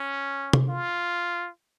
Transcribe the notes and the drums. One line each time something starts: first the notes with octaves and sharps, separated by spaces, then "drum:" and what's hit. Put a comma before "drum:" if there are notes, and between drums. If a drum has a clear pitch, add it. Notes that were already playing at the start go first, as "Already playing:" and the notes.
Already playing: C#4
drum: tom C3
F4